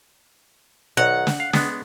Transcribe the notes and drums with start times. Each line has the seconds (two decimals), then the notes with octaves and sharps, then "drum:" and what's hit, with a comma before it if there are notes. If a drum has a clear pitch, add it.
0.97 B1 D#3 F#5 A#5
1.27 drum: snare
1.40 F5
1.53 G#3 B3 D4, drum: snare